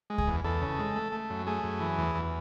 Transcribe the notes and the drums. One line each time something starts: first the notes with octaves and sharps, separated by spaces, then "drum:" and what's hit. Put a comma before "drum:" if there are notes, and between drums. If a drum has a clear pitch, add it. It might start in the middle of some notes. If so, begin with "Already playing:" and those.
G#3
G#4, drum: kick C#2
E2
E2 A4
C#3
G#3
A3
A3
F#2
A3 G#4
F#2
E3
E2
E2